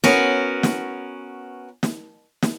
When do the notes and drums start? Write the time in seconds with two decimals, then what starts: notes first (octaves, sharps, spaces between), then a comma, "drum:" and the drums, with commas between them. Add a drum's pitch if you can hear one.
0.04 B3 C#4 F#4 A#4, drum: snare
0.63 drum: snare
1.83 drum: snare
2.43 drum: snare